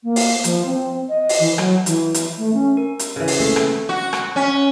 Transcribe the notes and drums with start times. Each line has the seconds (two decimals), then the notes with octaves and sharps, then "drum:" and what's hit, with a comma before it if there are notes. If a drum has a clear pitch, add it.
0.03 A#3
0.16 drum: open hi-hat
0.44 F3, drum: hi-hat
0.65 C4
1.09 D#5
1.29 drum: open hi-hat
1.39 E3
1.58 F#3, drum: rim click
1.86 E3, drum: hi-hat
2.14 drum: hi-hat
2.38 A3
2.54 C#4
2.77 A#4
2.99 drum: hi-hat
3.16 C#3 E3
3.28 drum: open hi-hat
3.40 A3 A#3 C4
3.56 drum: rim click
3.89 F#4
4.13 drum: rim click
4.36 C#4